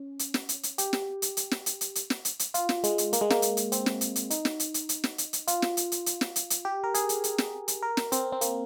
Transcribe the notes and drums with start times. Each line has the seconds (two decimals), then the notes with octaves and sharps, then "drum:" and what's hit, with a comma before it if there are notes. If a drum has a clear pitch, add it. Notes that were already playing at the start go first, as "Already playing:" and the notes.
Already playing: C#4
0.19 drum: hi-hat
0.34 drum: snare
0.49 drum: hi-hat
0.63 drum: hi-hat
0.78 G4, drum: hi-hat
0.93 drum: snare
1.22 drum: hi-hat
1.37 drum: hi-hat
1.51 drum: snare
1.66 drum: hi-hat
1.81 drum: hi-hat
1.95 drum: hi-hat
2.10 drum: snare
2.25 drum: hi-hat
2.39 drum: hi-hat
2.54 F4, drum: hi-hat
2.69 drum: snare
2.84 G#3, drum: hi-hat
2.98 drum: hi-hat
3.13 A#3, drum: hi-hat
3.21 G#3
3.30 A#3, drum: snare
3.42 drum: hi-hat
3.57 drum: hi-hat
3.72 C4, drum: hi-hat
3.86 drum: snare
4.01 drum: hi-hat
4.16 drum: hi-hat
4.30 D#4, drum: hi-hat
4.45 drum: snare
4.60 drum: hi-hat
4.74 drum: hi-hat
4.89 drum: hi-hat
5.04 drum: snare
5.18 drum: hi-hat
5.33 drum: hi-hat
5.48 F4, drum: hi-hat
5.62 drum: snare
5.77 drum: hi-hat
5.92 drum: hi-hat
6.06 drum: hi-hat
6.21 drum: snare
6.36 drum: hi-hat
6.50 drum: hi-hat
6.65 G4
6.84 A#4
6.94 G#4, drum: hi-hat
7.09 drum: hi-hat
7.24 drum: hi-hat
7.38 drum: snare
7.68 drum: hi-hat
7.83 A#4
7.97 drum: snare
8.12 C4, drum: hi-hat
8.32 C4
8.41 A#3, drum: hi-hat